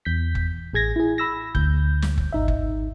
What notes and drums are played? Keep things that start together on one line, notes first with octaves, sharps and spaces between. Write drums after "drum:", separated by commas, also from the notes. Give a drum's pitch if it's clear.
E2 G6 B6
drum: kick F#1
A1 G#4 G#6 A#6
E4 G#4
B5 E6 A#6
D2 G6, drum: kick F#1
drum: snare
drum: kick F#1
G#1 D#4 E5
drum: kick F#1